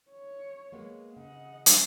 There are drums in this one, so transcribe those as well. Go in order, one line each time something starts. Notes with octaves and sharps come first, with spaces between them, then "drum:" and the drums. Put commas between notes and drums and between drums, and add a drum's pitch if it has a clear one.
C#5
G#3 A#3 B3
C#3 D#5 F#5
drum: hi-hat